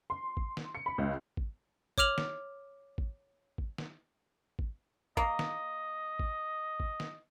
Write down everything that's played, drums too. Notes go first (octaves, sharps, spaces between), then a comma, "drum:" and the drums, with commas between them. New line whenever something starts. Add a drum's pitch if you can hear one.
C6
drum: kick
drum: snare
C#7
B5
C#2
drum: kick
C#5 D6 F6 F7 F#7, drum: kick
drum: snare
drum: kick
drum: kick
drum: snare
drum: kick
A#3 D#5, drum: kick
drum: snare
drum: kick
drum: kick
drum: snare